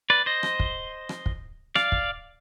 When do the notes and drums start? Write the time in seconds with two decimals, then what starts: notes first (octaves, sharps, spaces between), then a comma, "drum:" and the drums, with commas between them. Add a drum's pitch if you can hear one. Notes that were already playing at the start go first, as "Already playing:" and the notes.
0.10 B4 D5
0.26 C5 D#5
0.43 drum: rim click
0.60 drum: kick
1.09 drum: rim click
1.26 drum: kick
1.75 D5 F5, drum: rim click
1.92 drum: kick